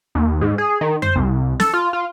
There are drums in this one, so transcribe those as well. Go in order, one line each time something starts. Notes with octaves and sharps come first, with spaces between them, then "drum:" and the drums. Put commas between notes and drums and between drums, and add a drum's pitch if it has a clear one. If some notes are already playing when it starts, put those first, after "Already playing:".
D#2
G#2
G#4
D#3
C5, drum: tom F2
C2
A4, drum: snare
F4
F4